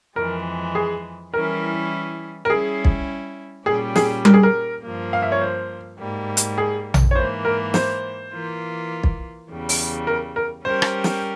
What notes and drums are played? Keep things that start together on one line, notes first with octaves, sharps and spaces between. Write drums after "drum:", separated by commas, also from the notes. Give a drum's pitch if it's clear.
F2 E3 G#3 A#4
G#4
E3 G3 C#4 E4 G#4 A#4
A#4
G3 C#4 E4 G#4
drum: kick
A#2 G3 C#4 G4 G#4
G#4, drum: snare
A#4, drum: tom G3
G#4
A#4
G2 F3 A#3
F5
E5
C#5
C5
G#2 G3 A#3
drum: hi-hat
G#4
drum: tom A#1
C#5
G#2 E3 A#3 C5
A#4
C5, drum: snare
E3 A#3 F4
drum: kick
E2 C#3 G3
drum: open hi-hat
A#4
A#4
G3 C#4 G4 A#4 C5
drum: rim click
drum: snare